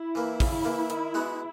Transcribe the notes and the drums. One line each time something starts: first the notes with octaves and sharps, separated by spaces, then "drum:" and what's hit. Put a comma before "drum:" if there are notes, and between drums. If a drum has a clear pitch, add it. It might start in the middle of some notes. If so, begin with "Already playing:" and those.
Already playing: E4
E3 A#3
C#3, drum: kick, open hi-hat
E3 A#3
D#3, drum: hi-hat
G#3 B3 F#4